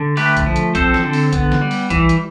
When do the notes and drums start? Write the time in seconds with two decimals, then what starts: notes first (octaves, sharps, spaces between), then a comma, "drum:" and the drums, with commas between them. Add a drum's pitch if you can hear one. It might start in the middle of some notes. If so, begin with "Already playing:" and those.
Already playing: D3
0.17 A3 G4 B4, drum: open hi-hat
0.37 drum: kick A#1, hi-hat
0.46 F3
0.56 drum: hi-hat
0.75 C4 A4 C5, drum: kick A#1, hi-hat
0.94 drum: snare
1.04 D3
1.13 drum: open hi-hat
1.33 B3, drum: kick A#1, hi-hat
1.52 drum: snare
1.62 G3
1.71 drum: open hi-hat
1.90 E3, drum: kick A#1, hi-hat
2.09 drum: hi-hat